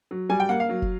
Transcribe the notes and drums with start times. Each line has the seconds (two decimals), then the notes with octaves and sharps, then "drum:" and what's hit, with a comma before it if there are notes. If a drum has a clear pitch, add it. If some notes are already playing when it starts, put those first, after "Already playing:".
0.11 F#3
0.29 G3 G#5
0.40 G5
0.49 A#3 F#5
0.60 F5
0.69 F#3
0.82 drum: kick